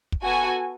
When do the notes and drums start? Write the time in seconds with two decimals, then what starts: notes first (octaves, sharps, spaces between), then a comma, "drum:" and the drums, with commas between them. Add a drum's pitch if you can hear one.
0.12 drum: kick
0.22 B3 F#4 A4 G#5